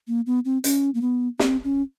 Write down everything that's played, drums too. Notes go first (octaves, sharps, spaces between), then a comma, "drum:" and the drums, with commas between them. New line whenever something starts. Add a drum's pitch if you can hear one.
A#3
B3
C4
C#4, drum: hi-hat
A#3
B3
C4, drum: snare
C#4